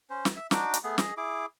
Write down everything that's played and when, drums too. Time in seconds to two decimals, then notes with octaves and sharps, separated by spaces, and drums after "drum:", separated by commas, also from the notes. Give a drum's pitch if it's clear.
0.10 C#4 C5
0.25 drum: snare
0.36 E5
0.51 D4 D#4 F#4 D6, drum: snare
0.74 drum: hi-hat
0.84 A3 B3 G#4
0.98 G#4 D#5, drum: snare
1.17 E4 G#4 D6